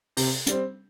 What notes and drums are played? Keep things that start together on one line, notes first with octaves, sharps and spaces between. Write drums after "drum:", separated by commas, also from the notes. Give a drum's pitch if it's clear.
C3, drum: open hi-hat
G3 C4, drum: hi-hat